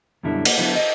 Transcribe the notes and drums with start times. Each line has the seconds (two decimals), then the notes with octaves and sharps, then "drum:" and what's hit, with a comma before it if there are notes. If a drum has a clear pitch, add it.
0.23 F#2 B2 D3 G3 E4
0.45 A#3, drum: cymbal
0.57 D3 F#3 B3 E4
0.75 D#5